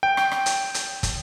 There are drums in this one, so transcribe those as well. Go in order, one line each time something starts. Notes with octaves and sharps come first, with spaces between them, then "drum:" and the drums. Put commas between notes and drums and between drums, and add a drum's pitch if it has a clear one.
G5
drum: rim click
drum: rim click
drum: hi-hat
drum: hi-hat
drum: kick, hi-hat